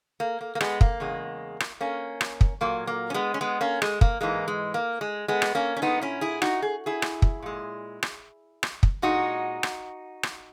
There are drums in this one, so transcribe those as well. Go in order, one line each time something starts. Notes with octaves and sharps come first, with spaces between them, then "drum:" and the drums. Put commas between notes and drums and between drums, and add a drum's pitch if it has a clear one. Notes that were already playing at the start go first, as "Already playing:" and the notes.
A#3
A#3
A#3
G#3 B3, drum: rim click
A#3, drum: kick
E2 C#3 G#3
drum: rim click
A#3 C#4
drum: rim click
drum: kick
A#2 F#3 A#3
A#3
C#4
G#3 B3
C#4
G#3 B3
A#3 C#4
G#3, drum: rim click
A#3, drum: kick
G#2 E3 G#3 A#3
G#3
A#3
G#3
G#3 B3
drum: rim click
A#3 C#4
C#4
A#2 G#3 B3 D#4
C#4 E4
E4 G#4
D#4 F#4, drum: rim click
G#4
E4 G#4
drum: rim click
drum: kick
A#2 G#3
drum: rim click
drum: rim click
drum: kick
A#2 G#3 D#4 F#4
drum: rim click
drum: rim click